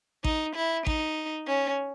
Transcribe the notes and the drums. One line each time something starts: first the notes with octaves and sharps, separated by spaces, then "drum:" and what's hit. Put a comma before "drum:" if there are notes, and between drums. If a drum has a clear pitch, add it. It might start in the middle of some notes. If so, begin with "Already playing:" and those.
D#4, drum: kick A1
E4
D#4, drum: kick A1
C#4